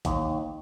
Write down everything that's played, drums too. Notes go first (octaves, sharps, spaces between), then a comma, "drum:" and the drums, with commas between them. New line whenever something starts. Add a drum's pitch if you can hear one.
D#2, drum: kick A#1, hi-hat